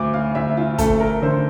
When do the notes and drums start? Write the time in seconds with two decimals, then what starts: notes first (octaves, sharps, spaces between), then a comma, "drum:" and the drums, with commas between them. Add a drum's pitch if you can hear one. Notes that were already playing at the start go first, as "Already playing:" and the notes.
Already playing: D2 D6
0.13 F5
0.35 D2 E5
0.57 F4
0.78 A3 A4, drum: kick, hi-hat
1.00 A#4
1.22 D3 C5